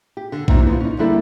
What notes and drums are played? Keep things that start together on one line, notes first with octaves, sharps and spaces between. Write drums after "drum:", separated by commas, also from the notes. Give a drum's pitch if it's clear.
G4
D3
C3 D#3 E3 F#3 A#3 D4, drum: kick B1
A#2 F3 B3 D#4
C#4 D#4
D3 G3 A#3 D4 E4 A4